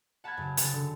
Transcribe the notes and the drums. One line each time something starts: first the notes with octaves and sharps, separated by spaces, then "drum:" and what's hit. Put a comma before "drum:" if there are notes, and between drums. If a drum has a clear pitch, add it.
F#5 A5 B5 F6 G#6
F#2 C#3
C#3 A6, drum: hi-hat
D3